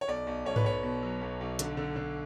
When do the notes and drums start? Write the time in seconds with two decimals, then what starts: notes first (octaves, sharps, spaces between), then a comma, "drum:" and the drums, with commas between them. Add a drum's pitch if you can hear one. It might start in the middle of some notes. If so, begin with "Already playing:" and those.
0.01 C#5
0.08 B1 D5
0.27 B1
0.45 B1 C#5
0.56 B4, drum: tom G#2
0.64 B1 C#5
0.83 B2
1.02 F#3
1.21 B1
1.41 B1
1.59 D3, drum: hi-hat
1.77 D3
1.96 D3